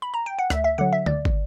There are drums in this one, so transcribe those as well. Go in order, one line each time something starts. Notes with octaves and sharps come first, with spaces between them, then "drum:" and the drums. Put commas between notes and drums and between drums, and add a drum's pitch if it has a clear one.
B5
A#5
G5
F#5
D2 E5, drum: rim click
E5
D3 F#3 F#5
E5
D2 D5, drum: tom D3
drum: kick